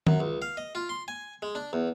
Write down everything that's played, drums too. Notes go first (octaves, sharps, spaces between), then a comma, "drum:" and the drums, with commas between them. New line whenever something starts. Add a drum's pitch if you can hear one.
F#2, drum: tom D#3
C#2
F5
D#5
F4
C6
G#5
G#3
D4
E2